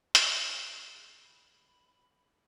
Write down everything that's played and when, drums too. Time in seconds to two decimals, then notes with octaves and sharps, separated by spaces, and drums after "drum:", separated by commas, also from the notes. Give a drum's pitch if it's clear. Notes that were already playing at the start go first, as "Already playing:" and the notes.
0.15 G#4, drum: hi-hat
1.22 B5